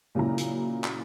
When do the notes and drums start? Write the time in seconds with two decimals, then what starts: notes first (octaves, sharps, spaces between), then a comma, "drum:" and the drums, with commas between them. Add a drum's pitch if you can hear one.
0.15 A#2 C#3 F#3 E4 A#5
0.38 drum: hi-hat
0.84 drum: clap